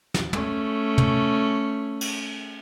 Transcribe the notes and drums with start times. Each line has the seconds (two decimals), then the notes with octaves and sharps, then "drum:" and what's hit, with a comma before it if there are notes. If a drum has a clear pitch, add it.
0.14 drum: snare
0.33 A3 C#4, drum: tom
0.98 drum: tom
2.01 drum: cymbal